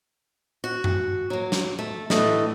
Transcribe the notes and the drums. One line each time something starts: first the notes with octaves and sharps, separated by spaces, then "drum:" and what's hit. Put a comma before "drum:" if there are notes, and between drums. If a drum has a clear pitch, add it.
F#4
drum: tom F#2
F#3 A#3
drum: snare
A3
A2 D3 E3 A3 D#5, drum: snare